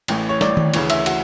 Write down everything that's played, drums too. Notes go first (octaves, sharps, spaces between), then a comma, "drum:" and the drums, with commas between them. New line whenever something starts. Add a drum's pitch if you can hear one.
A1 A2 E3, drum: cymbal
C#5
D5, drum: snare
drum: tom D#3
D2 C#3 E3 C#5, drum: cymbal
E5, drum: cymbal
F#4, drum: cymbal